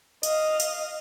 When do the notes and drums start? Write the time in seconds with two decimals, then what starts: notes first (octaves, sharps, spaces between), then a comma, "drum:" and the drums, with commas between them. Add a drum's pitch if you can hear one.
0.23 D#5 F5, drum: tambourine
0.60 drum: tambourine